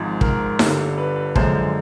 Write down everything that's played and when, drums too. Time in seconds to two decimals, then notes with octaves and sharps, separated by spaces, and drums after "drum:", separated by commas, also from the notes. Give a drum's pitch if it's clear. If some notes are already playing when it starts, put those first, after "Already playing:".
Already playing: G#1 G#2 F3
0.21 A#4, drum: kick
0.59 G1 G2 D3 G3, drum: snare D#4
0.98 B4
1.16 B4
1.36 F#2 D3 F3 G#3 C5, drum: kick